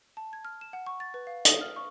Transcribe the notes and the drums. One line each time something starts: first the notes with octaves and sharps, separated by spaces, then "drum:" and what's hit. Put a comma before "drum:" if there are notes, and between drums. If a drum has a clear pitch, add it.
A5
G#6
F6
E7
F#5
C#6
A6
B4
F5
D#6, drum: hi-hat
F6
C#6